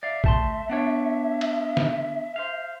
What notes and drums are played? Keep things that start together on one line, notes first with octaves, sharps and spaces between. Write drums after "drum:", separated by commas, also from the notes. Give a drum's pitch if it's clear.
D5 E5 F5
A3 A5 C6, drum: kick A1
B3 D4 C#5
drum: cymbal
drum: snare
C5 F5